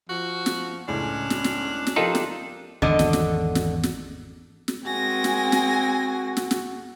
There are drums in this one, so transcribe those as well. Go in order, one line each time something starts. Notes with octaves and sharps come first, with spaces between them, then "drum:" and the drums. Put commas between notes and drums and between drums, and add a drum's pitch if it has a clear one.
F3 F#4
drum: snare
C#2 A2 C#4 D4
drum: snare
drum: snare
drum: snare
F3 D#4 F4 G4 A4 A#4
drum: snare
G#1 E2 D3 D#3 D#5
drum: snare
drum: snare
drum: snare
drum: snare
drum: snare
G#3 C4 F#4 A#4 G#5 A#6
drum: snare
drum: snare
drum: snare
drum: snare